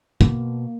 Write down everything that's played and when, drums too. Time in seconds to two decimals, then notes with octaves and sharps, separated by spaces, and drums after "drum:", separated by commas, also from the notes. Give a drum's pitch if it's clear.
0.21 B2 A#3, drum: kick